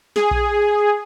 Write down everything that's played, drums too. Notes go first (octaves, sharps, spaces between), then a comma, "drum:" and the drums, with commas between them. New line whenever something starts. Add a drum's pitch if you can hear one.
G#4, drum: snare
drum: kick A#1